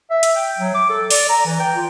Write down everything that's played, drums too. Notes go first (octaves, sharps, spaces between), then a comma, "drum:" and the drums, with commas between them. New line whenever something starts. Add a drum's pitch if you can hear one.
E5
drum: hi-hat
G5
F#3
D6
A4
D5, drum: open hi-hat
A#5
E3
G5
F4